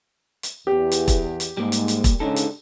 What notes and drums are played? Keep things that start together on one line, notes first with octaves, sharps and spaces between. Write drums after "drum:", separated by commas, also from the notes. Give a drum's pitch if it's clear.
drum: hi-hat
E2 G4
drum: hi-hat
drum: kick E1, hi-hat
drum: hi-hat
G#2 G3 A#3
drum: hi-hat
drum: hi-hat
drum: kick E1, hi-hat
G#2 C#3 D4 D#4 A4
drum: hi-hat